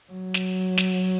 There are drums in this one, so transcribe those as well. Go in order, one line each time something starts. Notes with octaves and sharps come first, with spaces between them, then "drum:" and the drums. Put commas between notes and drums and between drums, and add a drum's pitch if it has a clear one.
F#3
drum: snare
drum: snare